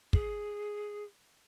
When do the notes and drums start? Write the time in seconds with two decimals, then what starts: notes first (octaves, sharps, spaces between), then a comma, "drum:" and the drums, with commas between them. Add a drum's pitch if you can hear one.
0.13 G#4, drum: kick